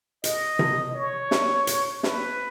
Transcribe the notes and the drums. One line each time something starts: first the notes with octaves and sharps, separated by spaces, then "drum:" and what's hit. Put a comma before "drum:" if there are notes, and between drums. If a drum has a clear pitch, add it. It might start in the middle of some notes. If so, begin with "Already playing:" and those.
D#5, drum: hi-hat
drum: tom C3
C#5
drum: snare
drum: hi-hat
B4, drum: snare